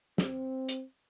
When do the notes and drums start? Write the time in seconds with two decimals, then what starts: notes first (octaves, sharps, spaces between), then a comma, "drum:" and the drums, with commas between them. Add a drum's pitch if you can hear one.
0.18 C4, drum: snare
0.69 drum: hi-hat